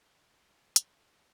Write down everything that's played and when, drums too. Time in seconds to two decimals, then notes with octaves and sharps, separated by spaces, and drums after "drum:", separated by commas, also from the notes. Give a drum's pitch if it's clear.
0.07 F#3
0.76 drum: hi-hat